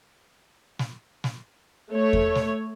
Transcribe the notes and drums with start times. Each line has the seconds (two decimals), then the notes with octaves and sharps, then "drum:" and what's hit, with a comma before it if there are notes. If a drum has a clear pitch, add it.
0.79 drum: snare
1.24 drum: snare
1.91 A3 C#5
2.13 drum: kick E2
2.35 drum: snare